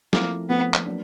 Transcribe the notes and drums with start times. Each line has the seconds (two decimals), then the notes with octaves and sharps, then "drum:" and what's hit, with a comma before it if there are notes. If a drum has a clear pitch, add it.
0.13 F3 A3 A#3 C4 E4, drum: snare
0.49 F3 A3 B3 C4 E4
0.74 drum: clap
0.86 F#3 A#3 D4